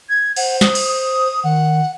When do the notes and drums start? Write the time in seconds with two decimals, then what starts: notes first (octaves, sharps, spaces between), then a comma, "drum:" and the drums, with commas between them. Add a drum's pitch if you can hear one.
0.09 G#6
0.36 C5 F#5, drum: cymbal
0.61 D#6, drum: snare
0.75 drum: cymbal
0.88 D#6
1.44 D#3 F#5